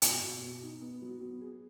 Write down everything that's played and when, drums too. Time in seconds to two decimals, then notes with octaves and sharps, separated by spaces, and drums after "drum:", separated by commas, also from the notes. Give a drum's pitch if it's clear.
0.02 B2, drum: hi-hat
0.22 B2
0.42 B2
0.62 D#4
0.81 B3
1.02 F#3
1.21 B3
1.41 G#4